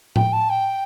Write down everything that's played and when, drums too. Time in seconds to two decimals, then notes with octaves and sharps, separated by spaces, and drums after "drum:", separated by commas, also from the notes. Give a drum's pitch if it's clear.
0.16 G5, drum: tom A2
0.33 A5
0.50 G5